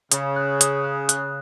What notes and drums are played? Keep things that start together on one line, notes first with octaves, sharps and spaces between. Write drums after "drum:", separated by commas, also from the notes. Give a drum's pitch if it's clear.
C#3 D#6, drum: hi-hat
F#6
D#6, drum: hi-hat
F#6
F#6, drum: hi-hat